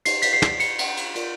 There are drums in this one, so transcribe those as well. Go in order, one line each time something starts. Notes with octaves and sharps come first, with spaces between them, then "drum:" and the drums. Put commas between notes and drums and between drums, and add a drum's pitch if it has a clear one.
D#4 G4 C5 C7, drum: cymbal
B6, drum: cymbal
C7
drum: snare
C#7, drum: cymbal
drum: cymbal
drum: cymbal
F4 A#4 D5, drum: cymbal